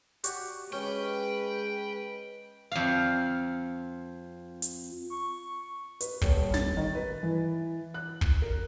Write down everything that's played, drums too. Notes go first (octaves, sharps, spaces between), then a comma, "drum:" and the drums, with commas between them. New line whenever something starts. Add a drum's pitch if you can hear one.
F#4 G4 D5, drum: hi-hat
G#3 C#4 B4 G5
F2 F5
drum: hi-hat
C#6
B4, drum: hi-hat
D#1, drum: kick
A6, drum: snare
D#3
B4
E3
F#6
drum: kick
A#4